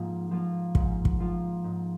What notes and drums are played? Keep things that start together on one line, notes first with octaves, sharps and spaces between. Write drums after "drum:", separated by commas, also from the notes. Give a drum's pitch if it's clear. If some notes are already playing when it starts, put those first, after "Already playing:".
Already playing: G#2 F3 A#3 F4
F3 A#3 F4
G#2, drum: kick
drum: kick
F3 A#3 F4
G#2